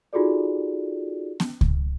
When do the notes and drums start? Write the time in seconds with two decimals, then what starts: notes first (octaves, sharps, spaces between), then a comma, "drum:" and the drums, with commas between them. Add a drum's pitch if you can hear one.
0.13 D#4 F4 F#4 G#4 A4 D5
1.40 drum: snare B3
1.61 drum: kick C#2